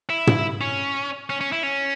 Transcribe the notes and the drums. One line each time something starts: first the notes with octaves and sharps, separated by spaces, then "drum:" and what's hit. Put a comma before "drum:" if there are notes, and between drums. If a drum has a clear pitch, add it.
E4
drum: tom
C#4
C#4
C#4
E4
C#4